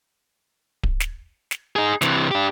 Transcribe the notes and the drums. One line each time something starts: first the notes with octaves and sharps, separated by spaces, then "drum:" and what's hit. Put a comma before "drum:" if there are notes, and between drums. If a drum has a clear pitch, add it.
drum: kick D1
drum: snare
drum: snare
D#4 G#4
C3 E3, drum: snare
D4 G4